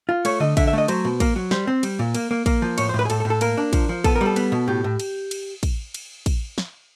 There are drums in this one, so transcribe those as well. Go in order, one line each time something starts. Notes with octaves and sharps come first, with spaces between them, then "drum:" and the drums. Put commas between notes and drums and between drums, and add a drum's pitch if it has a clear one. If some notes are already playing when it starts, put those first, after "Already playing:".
F4
A3 C#5, drum: cymbal
D3 D#5
D3 E5, drum: kick, cymbal
E5
A3 D#5
F#3 C5, drum: cymbal
B2
A#3, drum: kick, cymbal
F#3
G3 C5, drum: snare
C4
G3, drum: cymbal
A#2
A#3, drum: cymbal
A#3
A#3, drum: kick, cymbal
F3
A2 C#5, drum: cymbal
C5
A2
B4
G#4
A2 A4, drum: cymbal
A4
A2
A4
A#3 A#4, drum: cymbal
D4
F3, drum: kick, cymbal
F3
B3 A4, drum: kick, cymbal
A#4
G3
A4
B3, drum: cymbal
B2
A2 G4
A2
drum: cymbal
drum: cymbal
drum: kick, cymbal
drum: cymbal
drum: kick, cymbal
drum: snare